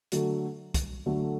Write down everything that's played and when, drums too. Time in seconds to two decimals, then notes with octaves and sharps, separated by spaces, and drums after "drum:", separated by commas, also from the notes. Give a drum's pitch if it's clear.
0.12 D3 F#3 A3, drum: hi-hat
0.74 drum: kick, hi-hat
1.06 D3 F#3 A3